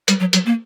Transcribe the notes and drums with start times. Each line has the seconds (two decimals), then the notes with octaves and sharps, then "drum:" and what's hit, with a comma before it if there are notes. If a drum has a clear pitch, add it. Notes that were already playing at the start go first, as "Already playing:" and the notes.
0.08 G3, drum: hi-hat
0.20 F#3
0.33 F#3, drum: hi-hat
0.46 A#3